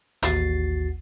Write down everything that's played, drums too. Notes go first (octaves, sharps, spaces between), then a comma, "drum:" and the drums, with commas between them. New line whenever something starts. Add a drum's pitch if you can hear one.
A1 D#2 F#4 A6 C7, drum: hi-hat